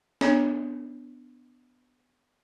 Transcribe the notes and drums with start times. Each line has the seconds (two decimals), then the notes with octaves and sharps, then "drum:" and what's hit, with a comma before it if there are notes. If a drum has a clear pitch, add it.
0.21 B3 D4 C#5, drum: snare